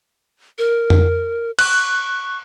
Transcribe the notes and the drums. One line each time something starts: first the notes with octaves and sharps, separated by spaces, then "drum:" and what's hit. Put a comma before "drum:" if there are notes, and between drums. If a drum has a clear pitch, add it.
A#4
drum: tom F2
C#6 F#6, drum: cymbal